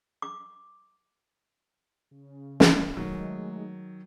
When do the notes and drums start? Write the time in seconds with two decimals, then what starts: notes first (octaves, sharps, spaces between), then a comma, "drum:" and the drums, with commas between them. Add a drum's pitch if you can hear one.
0.22 D6
2.11 C#3
2.60 drum: snare
2.97 D#3 F#3 G#3 A3 D#4